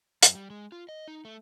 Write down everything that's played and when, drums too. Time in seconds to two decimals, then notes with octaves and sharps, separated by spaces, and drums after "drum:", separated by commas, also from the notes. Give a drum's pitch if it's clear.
0.23 F#2, drum: hi-hat
0.35 G3
0.50 G#3
0.72 F4
0.89 D#5
1.08 D#4
1.25 A3